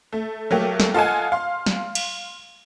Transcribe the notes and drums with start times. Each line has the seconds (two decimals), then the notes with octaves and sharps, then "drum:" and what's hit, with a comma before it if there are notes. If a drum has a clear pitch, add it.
0.13 A3
0.51 F#3 A3 A#3 G4
0.80 drum: snare
0.94 F4 A4 D#5 F#5 G#5
1.32 F5 C6
1.66 drum: snare
1.95 drum: cymbal